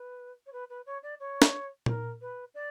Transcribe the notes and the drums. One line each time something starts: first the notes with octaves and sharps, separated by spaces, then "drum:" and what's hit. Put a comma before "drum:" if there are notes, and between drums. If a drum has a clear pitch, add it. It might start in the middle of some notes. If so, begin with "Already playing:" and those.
Already playing: B4
C#5
B4
B4
C#5
D5
C#5
drum: snare
A#4, drum: tom A#2
B4
D5